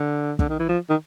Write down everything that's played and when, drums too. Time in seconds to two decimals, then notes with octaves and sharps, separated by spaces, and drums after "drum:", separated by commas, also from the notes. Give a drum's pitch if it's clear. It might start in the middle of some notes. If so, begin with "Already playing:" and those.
Already playing: D3
0.39 D3, drum: kick
0.49 D#3
0.59 E3
0.69 F3
0.90 D#3